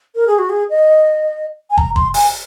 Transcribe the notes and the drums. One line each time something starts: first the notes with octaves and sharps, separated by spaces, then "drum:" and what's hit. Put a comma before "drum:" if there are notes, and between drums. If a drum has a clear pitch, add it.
A#4
G#4
F#4
G#4
D#5
G#5
A#5, drum: kick
C6, drum: kick
G#5, drum: open hi-hat